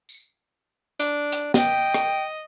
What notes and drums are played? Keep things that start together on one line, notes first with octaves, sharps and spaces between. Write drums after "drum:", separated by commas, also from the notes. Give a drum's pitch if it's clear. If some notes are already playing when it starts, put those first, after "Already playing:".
drum: tambourine
D4, drum: hi-hat
drum: hi-hat
D#5 G5, drum: snare
drum: rim click